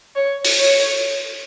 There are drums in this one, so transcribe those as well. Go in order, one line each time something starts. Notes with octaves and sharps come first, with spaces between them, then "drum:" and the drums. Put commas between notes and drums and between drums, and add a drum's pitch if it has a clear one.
C#5
drum: open hi-hat
C#5